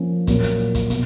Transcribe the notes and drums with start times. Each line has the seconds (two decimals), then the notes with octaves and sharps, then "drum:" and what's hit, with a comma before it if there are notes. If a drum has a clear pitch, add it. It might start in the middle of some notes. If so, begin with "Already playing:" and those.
Already playing: F3 A#3 C#4
0.27 A#2 F#3 A#3, drum: kick, hi-hat
0.43 drum: hi-hat
0.75 drum: kick, hi-hat
0.90 B2, drum: hi-hat